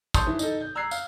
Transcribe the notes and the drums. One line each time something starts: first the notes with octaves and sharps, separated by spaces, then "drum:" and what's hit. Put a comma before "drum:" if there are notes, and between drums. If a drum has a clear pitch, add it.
A5 C6 C#6 D#6 G6, drum: kick, tambourine
E3
D#4 A4, drum: tambourine
G6
A#5 E6 F#6 G#6 C7
F5, drum: tambourine